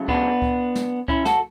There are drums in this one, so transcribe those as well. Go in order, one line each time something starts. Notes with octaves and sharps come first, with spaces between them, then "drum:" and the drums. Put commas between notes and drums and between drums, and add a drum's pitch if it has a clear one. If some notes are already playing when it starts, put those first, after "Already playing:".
Already playing: C#2 C#3 F#3 A3
B3 D4, drum: kick C#2
drum: kick C#2
drum: snare
C#4 E4, drum: kick C#2
F#4 A4, drum: snare